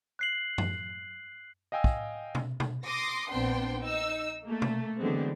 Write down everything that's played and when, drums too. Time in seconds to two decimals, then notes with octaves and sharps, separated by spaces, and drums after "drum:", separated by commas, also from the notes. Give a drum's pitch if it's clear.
0.19 F#6 C7 F#7
0.58 drum: tom F#2
1.72 D#5 F5 G5 G#5 E6
1.84 drum: kick
2.35 drum: tom B2
2.60 drum: tom B2
2.85 C6 D6 D#6 A#6 C7
3.29 A#1 B3 C4 D4 G5 C6
3.82 D#4 E6
4.43 A3 A#3
4.62 drum: tom B2
4.98 D3 E3 F#3 G#3 B3 C4